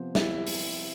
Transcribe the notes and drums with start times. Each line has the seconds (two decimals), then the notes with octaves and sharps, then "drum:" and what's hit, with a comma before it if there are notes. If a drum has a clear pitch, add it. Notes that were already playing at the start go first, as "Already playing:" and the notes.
Already playing: C3 F3 B3 C5
0.15 E4, drum: snare
0.47 drum: open hi-hat